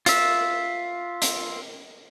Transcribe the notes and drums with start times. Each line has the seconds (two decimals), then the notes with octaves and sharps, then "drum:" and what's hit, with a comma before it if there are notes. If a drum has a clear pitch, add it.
0.06 F4 E5, drum: hi-hat
1.22 drum: hi-hat